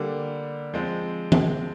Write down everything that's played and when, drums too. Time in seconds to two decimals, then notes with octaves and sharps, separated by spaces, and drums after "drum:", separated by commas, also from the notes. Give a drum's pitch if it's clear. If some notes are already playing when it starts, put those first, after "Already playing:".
Already playing: D3 G3 A#3
0.74 F3 G#3 C4
1.32 drum: tom E3